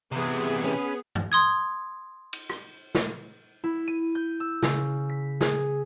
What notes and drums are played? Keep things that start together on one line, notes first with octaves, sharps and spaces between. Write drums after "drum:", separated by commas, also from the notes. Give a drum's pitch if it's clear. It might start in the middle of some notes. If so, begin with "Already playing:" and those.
C3 E3 B3 G#4
C#4 B4
drum: tom G2
C6 D#6 G#6
drum: cymbal
drum: rim click
drum: snare
E4
D#7
G6
E6
C#3, drum: snare
B6
G#4, drum: snare